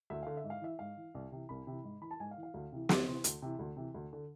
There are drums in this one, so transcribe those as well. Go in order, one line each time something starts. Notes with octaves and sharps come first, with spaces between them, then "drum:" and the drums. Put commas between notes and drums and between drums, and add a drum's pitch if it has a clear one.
D2 E5
D3 F5
E5
G#2
F5
E3 E5
G#2 F5
E3
C2
C3 E3
C2 B5
C3 E3
G#2
E3 B5
A5
G#2 G#5
F5
E3
F5
D2
C3 E3
D2 C6, drum: snare
C3 E3 C6
D2, drum: hi-hat
C3 E3
D2
C3 E3
D2
D3